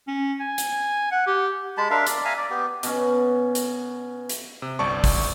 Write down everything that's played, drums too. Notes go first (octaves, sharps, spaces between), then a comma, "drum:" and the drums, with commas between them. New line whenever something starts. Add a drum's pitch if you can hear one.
C#4
G#5
drum: hi-hat
F#5
G4
G#3 A5 B5
D4 A#4 E5 F5
D5, drum: hi-hat
E5 F5 G#5 A#5
D5
B3 G4
B2 C#4, drum: hi-hat
drum: hi-hat
drum: hi-hat
C3
G1 C2 D5 A5 C#6
drum: kick, open hi-hat